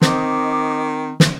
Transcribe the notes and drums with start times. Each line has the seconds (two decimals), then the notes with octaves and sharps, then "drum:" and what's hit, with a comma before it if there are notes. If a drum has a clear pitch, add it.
0.02 D#3 C4 D#5 D6 D#6, drum: snare
1.20 drum: snare